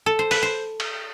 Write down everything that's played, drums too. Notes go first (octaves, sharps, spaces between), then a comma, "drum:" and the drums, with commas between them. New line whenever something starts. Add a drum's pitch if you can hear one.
A4
C5
B4, drum: open hi-hat
C5
drum: cymbal